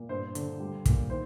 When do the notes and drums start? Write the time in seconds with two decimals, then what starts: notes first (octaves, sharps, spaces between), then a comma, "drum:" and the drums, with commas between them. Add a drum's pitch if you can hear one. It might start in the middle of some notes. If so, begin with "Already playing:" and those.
Already playing: A#2
0.09 G2 C5
0.35 D3, drum: hi-hat
0.60 G3
0.86 A#2, drum: kick, hi-hat
1.10 D#3 C5